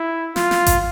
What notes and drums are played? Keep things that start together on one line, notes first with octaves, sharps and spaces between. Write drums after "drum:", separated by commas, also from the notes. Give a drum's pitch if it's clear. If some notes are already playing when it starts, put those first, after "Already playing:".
Already playing: E4
F4, drum: snare
drum: snare
drum: kick G#1, hi-hat